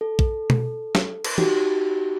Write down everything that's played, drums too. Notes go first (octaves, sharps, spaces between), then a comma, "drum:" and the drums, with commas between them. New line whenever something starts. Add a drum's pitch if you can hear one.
A4
drum: kick A#1
drum: tom B2
drum: snare
drum: cymbal
D#4 F#4 G4, drum: tom